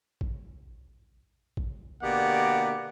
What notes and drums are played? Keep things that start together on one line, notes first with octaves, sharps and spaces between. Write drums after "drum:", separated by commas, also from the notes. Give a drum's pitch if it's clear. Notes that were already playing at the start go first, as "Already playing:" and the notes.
drum: kick A1
drum: kick A1
B2 D3 A#3 G4 D5 F#5